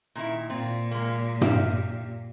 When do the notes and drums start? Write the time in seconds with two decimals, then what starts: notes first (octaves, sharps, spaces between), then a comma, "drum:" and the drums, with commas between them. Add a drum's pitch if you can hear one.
0.16 A#2 D#3 E4
0.50 A#2 C4 F4
0.91 G#3 A#3
1.41 G4 E5 F5, drum: tom